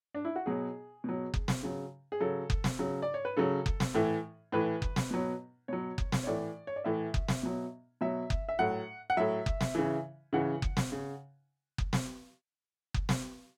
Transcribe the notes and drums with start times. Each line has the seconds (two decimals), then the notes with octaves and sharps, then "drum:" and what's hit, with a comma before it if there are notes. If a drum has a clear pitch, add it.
0.15 D4
0.25 E4
0.36 F#4
0.46 B2 F#3 G#4
1.04 B2 F#3
1.34 drum: kick F#1
1.48 drum: snare
1.63 C#3 F#3
2.12 G#4
2.20 C#3 F#3 A4
2.50 drum: kick F#1
2.64 drum: snare
2.79 C#3 F#3
3.02 D5
3.14 C#5
3.25 B4
3.37 C#3 F#3 A4
3.66 drum: kick F#1
3.80 drum: snare
3.95 A2 E3
4.52 A2 E3 B4
4.82 drum: kick F#1
4.96 drum: snare
5.11 B2 F#3
5.68 B2 F#3 C#5
5.98 drum: kick F#1
6.12 drum: snare
6.23 C#5
6.27 A2 E3 D5
6.67 C#5
6.76 D5
6.84 A2 E3 E5
7.14 drum: kick F#1
7.28 drum: snare
7.43 B2 F#3
8.01 B2 F#3 E5
8.30 drum: kick F#1
8.49 E5
8.59 A2 F#3 F#5
9.10 F#5
9.17 A2 F#3 E5
9.46 drum: kick F#1
9.61 drum: snare
9.75 C#3 E3
10.33 C#3 E3 F#5
10.62 drum: kick F#1
10.77 drum: snare
10.92 C#3
11.78 drum: kick F#1
11.93 drum: snare
12.94 drum: kick F#1
13.09 drum: snare